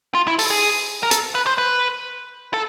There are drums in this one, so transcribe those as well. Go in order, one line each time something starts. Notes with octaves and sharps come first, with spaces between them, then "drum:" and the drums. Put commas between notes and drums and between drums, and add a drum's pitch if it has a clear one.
F4
E4
A4, drum: open hi-hat
G#4
A#4
A4, drum: hi-hat
B4
C5
B4
A4